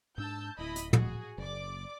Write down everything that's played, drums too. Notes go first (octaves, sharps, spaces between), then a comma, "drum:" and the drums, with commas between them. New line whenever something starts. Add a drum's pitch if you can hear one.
G#2 D4 A5 E6 G6
D1 E4 D#5 B5
drum: hi-hat
F#4 G#4, drum: tom
F#1 D5 D6